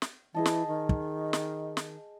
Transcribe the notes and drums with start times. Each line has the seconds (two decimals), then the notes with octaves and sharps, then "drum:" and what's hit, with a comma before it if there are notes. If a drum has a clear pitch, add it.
0.02 drum: snare
0.34 E3 G#4 D#5 A5
0.46 drum: snare
0.67 D#3
0.89 drum: kick
1.33 drum: snare
1.77 drum: snare